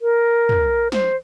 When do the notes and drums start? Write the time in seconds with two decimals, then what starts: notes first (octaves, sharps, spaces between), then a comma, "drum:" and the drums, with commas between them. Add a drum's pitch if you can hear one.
0.02 A#4
0.49 drum: tom
0.92 C5, drum: snare